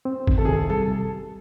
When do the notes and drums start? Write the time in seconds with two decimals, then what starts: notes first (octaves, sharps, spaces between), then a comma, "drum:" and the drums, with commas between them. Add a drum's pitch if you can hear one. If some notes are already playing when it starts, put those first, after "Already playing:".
0.05 C4
0.27 D#3, drum: kick
0.38 A4
0.45 G#4
0.48 C3 A4
0.70 G3 A4